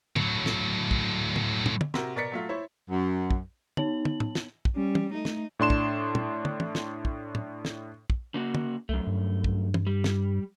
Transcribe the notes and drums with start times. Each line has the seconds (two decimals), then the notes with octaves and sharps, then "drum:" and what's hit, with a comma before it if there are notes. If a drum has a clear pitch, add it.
0.16 A2 F#3, drum: tom
0.46 drum: snare
0.91 drum: kick
1.36 drum: tom
1.66 drum: tom
1.81 drum: tom
1.94 C3 F#4 A#4, drum: snare
2.16 B2 A#4 D5 A6 B6 C#7
2.32 F#3 A3 F4
2.49 E4 C5 C#5
2.90 F#2
3.31 drum: kick
3.77 B3 D#4 C#5 A5 F#7, drum: tom
4.05 drum: tom
4.20 drum: tom
4.35 drum: snare
4.65 drum: kick
4.76 G3 C#4
4.95 drum: tom
5.13 A3 D#4
5.25 drum: snare
5.59 A2 D4 C6 E7
5.70 drum: kick
6.15 drum: tom
6.45 drum: tom
6.60 drum: tom
6.75 drum: snare
7.05 drum: kick
7.35 drum: tom
7.65 drum: snare
8.10 drum: kick
8.34 C#3 A#3 F#4
8.55 drum: tom
8.89 C2 F#2 A3
9.07 G2
9.44 drum: kick
9.74 drum: tom
9.87 G3
10.04 drum: snare